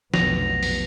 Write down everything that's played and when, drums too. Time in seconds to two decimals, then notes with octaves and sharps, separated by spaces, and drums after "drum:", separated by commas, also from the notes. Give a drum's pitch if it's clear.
0.14 F1 B1 B3 A#6 F7, drum: snare
0.63 drum: open hi-hat